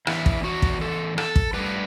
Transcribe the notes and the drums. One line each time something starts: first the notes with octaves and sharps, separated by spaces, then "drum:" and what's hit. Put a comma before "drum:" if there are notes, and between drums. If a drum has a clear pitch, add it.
E3 B3 D4 E4, drum: rim click
drum: kick
F#4
drum: kick
A4
A4, drum: rim click
drum: kick
A2 G3 B3 D4 B4